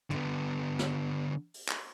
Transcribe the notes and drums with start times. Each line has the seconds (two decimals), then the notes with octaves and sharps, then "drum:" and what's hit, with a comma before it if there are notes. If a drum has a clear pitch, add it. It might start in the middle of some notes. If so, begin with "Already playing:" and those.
0.11 D3 B3, drum: tom
0.79 drum: snare
1.54 drum: open hi-hat
1.69 drum: clap